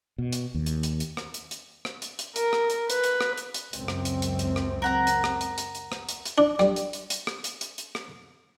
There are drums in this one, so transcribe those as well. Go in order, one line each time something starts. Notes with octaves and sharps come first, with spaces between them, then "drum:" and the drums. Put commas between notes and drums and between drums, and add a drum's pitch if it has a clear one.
B2
drum: hi-hat
D#2
drum: hi-hat
drum: hi-hat
drum: hi-hat
drum: rim click
drum: hi-hat
drum: hi-hat
drum: rim click
drum: hi-hat
drum: hi-hat
A#4, drum: hi-hat
drum: rim click
drum: hi-hat
B4, drum: hi-hat
drum: hi-hat
drum: rim click
drum: hi-hat
drum: hi-hat
C#2 F#2 C4, drum: hi-hat
drum: rim click
drum: hi-hat
drum: hi-hat
drum: hi-hat
drum: rim click
A#4 F#5 A#5
drum: hi-hat
drum: rim click
drum: hi-hat
drum: hi-hat
drum: hi-hat
drum: rim click
drum: hi-hat
drum: hi-hat
D4
G3, drum: rim click
drum: hi-hat
drum: hi-hat
drum: hi-hat
drum: rim click
drum: hi-hat
drum: hi-hat
drum: hi-hat
drum: rim click